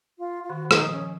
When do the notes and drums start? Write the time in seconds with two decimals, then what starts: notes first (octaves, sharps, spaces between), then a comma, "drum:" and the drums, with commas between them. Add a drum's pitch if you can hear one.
0.18 F4
0.43 F4
0.49 D#3 F#4
0.65 D#3
0.71 D#4, drum: rim click
0.81 F3
0.92 F3 C#4